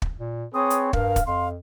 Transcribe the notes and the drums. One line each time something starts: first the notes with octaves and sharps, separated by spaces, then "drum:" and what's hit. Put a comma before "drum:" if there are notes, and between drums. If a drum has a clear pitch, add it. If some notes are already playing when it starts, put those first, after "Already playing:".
drum: kick
A#2
C4 G#4 B4 C#5 D#6
drum: hi-hat
G2 A#4 F5, drum: kick
drum: kick, hi-hat
F2 F5 C6